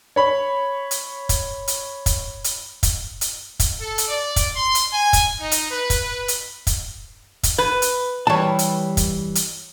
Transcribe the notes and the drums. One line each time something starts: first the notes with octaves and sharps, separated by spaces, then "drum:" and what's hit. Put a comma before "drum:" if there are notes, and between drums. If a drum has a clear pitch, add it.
C#5 B5
drum: hi-hat
drum: kick, hi-hat
drum: hi-hat
drum: kick, hi-hat
drum: hi-hat
drum: kick, hi-hat
drum: hi-hat
drum: kick, hi-hat
A4
drum: hi-hat
D5
drum: kick, hi-hat
C6
drum: hi-hat
G#5
drum: kick, hi-hat
D#4
drum: hi-hat
B4
drum: kick, hi-hat
drum: hi-hat
drum: kick, hi-hat
drum: kick, hi-hat
B4
drum: hi-hat
E3 G3 C#5 A5
drum: hi-hat
drum: kick, hi-hat
drum: hi-hat